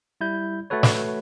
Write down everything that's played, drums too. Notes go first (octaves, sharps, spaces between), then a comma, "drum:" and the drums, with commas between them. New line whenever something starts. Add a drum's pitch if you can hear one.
G3 E4 G6
A3 F#4 A4 B4 C#5
drum: snare